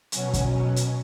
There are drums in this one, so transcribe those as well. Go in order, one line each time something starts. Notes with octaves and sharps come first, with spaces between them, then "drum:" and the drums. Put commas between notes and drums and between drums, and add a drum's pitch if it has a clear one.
B2 F#3 C#4, drum: hi-hat
drum: kick, hi-hat
drum: hi-hat